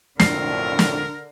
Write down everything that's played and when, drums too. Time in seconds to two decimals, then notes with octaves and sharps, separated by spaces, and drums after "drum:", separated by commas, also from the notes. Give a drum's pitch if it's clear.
0.20 B1 F2 A2 D3 A#4 C7, drum: snare
0.79 drum: snare